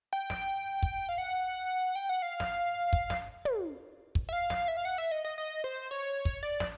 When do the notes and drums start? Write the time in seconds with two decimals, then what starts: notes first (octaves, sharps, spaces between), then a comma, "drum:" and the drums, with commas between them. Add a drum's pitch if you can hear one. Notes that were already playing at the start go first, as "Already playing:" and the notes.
0.13 G5
0.30 drum: snare
0.83 drum: kick
1.09 F5
1.18 F#5
1.96 G5
2.09 F#5
2.22 F5
2.40 drum: snare
2.93 drum: kick
3.10 drum: snare
3.45 drum: tom
4.15 drum: kick
4.29 E5
4.33 F5
4.50 drum: snare
4.68 E5
4.77 F5
4.85 F#5
4.98 E5
5.11 D#5
5.25 D#5
5.38 D#5
5.64 C5
5.91 C#5
6.25 drum: kick
6.43 D5
6.60 drum: snare